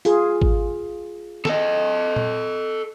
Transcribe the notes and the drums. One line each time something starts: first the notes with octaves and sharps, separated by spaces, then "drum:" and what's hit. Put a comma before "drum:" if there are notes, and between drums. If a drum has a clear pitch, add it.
F4 G#4, drum: hi-hat
drum: kick G#1
A4 D#5, drum: snare
drum: tom A#2